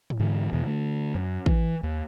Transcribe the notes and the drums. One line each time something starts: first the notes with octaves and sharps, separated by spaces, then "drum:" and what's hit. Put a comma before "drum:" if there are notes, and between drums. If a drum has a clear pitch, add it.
drum: tom G#2
G#2 D3 E3
E2 B2 E3
D3 A3
F#2
E3, drum: kick
D#2